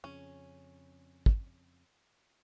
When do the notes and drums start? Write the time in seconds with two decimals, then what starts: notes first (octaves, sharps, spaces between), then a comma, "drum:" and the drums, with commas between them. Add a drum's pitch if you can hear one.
0.04 F2 C#3 C#4
1.26 drum: kick